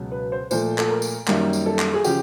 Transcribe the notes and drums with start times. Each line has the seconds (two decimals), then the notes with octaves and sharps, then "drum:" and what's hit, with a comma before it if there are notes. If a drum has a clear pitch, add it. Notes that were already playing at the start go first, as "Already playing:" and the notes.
Already playing: C#2 B2 F#3
0.12 B4
0.32 C5
0.51 A#2 F3 A3 C5, drum: tambourine
0.78 A4, drum: clap
0.89 A#4
1.02 drum: tambourine
1.27 F#2 D#3 G3 A#3, drum: clap
1.53 drum: tambourine
1.66 A4
1.79 drum: clap
1.94 G#4
2.04 C#3 F3 G4, drum: tambourine